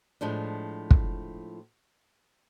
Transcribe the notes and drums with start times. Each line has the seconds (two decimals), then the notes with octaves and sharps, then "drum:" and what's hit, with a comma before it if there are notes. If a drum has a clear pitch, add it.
0.21 A2 F3 G#3 D4
0.91 drum: kick